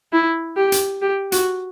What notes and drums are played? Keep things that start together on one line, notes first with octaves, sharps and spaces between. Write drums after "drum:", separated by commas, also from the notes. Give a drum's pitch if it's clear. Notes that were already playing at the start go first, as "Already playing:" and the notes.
E4
G4
drum: hi-hat
G4
F#4, drum: hi-hat